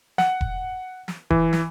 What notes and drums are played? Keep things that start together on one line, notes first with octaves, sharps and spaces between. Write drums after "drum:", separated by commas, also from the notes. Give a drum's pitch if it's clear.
F#5, drum: snare
drum: kick E1
drum: snare
E3, drum: kick E1
drum: snare